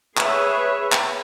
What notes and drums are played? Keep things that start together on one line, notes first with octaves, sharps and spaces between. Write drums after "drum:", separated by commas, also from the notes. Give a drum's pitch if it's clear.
G#4 B4 C#5 E5, drum: clap
drum: clap